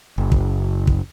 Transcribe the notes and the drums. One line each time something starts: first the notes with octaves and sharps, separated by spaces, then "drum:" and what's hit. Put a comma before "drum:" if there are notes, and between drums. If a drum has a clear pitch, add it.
F#1
drum: kick
drum: kick